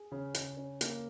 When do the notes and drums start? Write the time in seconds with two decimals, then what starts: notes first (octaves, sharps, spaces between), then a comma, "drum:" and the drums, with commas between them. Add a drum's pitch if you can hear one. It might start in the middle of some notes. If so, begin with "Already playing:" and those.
Already playing: G#4
0.12 C#3
0.34 C#3, drum: hi-hat
0.57 C#4
0.81 A#3, drum: hi-hat